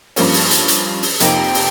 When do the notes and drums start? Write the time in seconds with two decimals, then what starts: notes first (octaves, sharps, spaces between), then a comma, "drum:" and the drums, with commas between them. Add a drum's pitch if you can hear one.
0.16 G2 F3 A#3 C#4, drum: open hi-hat
0.34 drum: open hi-hat
0.51 drum: hi-hat
0.68 drum: hi-hat
1.03 drum: open hi-hat
1.20 F2 C3 F3 A#3 D#4 G5, drum: hi-hat
1.54 drum: open hi-hat